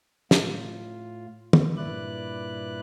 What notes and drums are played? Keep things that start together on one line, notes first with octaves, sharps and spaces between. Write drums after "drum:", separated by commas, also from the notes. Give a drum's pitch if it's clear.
A2 F4, drum: snare
drum: tom
G2 A#2 E4 B4 D5 F#6